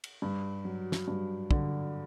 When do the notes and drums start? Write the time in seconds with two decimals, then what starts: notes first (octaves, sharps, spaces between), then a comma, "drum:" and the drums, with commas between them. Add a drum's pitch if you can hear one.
0.04 drum: cymbal
0.22 G2
0.65 F#3
0.92 drum: snare
1.08 G2
1.51 D3, drum: kick